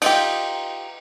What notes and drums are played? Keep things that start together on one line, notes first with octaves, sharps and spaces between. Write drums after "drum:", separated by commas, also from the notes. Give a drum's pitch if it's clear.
D#4 F4 G4, drum: cymbal